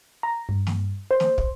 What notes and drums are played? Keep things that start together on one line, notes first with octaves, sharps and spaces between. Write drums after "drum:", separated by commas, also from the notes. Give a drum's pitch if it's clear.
A#5
G2
drum: snare
C5
drum: snare
drum: kick